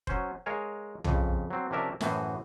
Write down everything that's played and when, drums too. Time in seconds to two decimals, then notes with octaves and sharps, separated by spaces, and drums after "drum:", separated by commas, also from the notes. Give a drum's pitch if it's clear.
0.07 F#3 C#4 C5, drum: kick F1
0.46 G#3 A#4 C#5 F5 G#5
1.04 F2 C#3, drum: tom B1
1.50 F#3 C4
1.71 C3 F3 C#4 D4 A#4 E5
2.01 F#2 A2 E3 F#4 C5 G#5, drum: snare